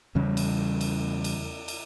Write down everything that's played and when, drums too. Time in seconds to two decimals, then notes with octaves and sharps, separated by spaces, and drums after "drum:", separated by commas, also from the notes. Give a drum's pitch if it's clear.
0.15 E2 C#3 G3 C#4
0.37 drum: cymbal
0.81 drum: cymbal
1.24 drum: cymbal
1.68 drum: cymbal